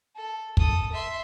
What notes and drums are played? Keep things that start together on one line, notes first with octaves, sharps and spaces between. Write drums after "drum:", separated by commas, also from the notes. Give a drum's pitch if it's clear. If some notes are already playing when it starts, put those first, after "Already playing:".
A4
A4 D#6, drum: kick
E5 C6